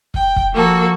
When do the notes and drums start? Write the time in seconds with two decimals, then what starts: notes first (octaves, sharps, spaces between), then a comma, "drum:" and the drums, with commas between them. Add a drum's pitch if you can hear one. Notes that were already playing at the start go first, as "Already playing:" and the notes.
0.14 G5, drum: kick
0.36 drum: kick
0.53 F3 A#3 F#4 A4